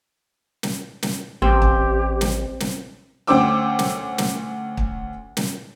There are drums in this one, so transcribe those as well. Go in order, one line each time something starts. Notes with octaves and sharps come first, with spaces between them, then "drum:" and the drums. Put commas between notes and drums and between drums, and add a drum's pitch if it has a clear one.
drum: snare
drum: snare
A1 C4 G4
drum: kick
drum: snare
drum: snare
D2 C#4 C5 G5 D6 E6
drum: snare
drum: snare
drum: kick
drum: snare